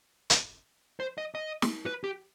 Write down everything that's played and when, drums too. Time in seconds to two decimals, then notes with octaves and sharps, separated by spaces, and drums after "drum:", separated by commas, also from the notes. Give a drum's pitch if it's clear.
0.30 drum: hi-hat
1.00 C5
1.18 D#5
1.35 D#5
1.62 drum: snare
1.86 B4
2.04 G4